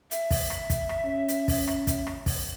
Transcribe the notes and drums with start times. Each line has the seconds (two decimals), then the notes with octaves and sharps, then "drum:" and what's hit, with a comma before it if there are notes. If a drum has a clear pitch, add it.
0.11 E5, drum: hi-hat
0.31 drum: kick, open hi-hat
0.50 drum: rim click
0.70 drum: kick, hi-hat
0.89 drum: rim click
1.05 C#4
1.28 drum: hi-hat
1.48 drum: kick, open hi-hat
1.67 drum: rim click
1.87 drum: kick, hi-hat
2.07 drum: rim click
2.26 drum: kick, open hi-hat